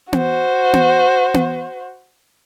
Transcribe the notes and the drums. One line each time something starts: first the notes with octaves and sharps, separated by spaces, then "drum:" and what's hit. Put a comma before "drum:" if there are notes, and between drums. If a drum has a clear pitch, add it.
F#4 C5, drum: tom B3
drum: tom B3
drum: tom B3